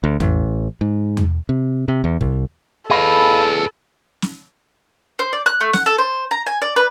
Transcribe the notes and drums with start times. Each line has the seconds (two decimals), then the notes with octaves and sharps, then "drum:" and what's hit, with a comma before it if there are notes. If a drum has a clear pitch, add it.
0.04 D2
0.20 A1, drum: tom E2
0.81 G#2
1.17 drum: tom E2
1.49 C3
1.88 C3
2.04 E2
2.21 C2, drum: kick
2.90 G#4 A4 B4 D#5 F5 B5
4.22 drum: snare
5.19 C5
5.33 D5
5.46 F#6
5.61 A3
5.73 F#5, drum: snare
5.86 A4
5.98 C5
6.31 A#5
6.46 G#5
6.62 D5
6.76 B4